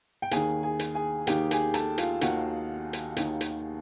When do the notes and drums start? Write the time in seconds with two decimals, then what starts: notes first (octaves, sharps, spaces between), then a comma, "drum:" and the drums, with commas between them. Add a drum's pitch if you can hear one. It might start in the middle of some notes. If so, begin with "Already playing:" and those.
0.22 G5
0.31 D#2 D#3 G#4 G#5, drum: hi-hat
0.63 G#4 G#5
0.79 drum: hi-hat
0.95 G#4 G#5
1.27 D#2 D#3 G4 G5, drum: hi-hat
1.51 G#4 G#5, drum: hi-hat
1.74 A4 A5, drum: hi-hat
1.98 F4 F5, drum: hi-hat
2.21 D#2 D#3 F#4 F#5, drum: hi-hat
2.93 drum: hi-hat
3.17 D#2 D#3, drum: hi-hat
3.41 drum: hi-hat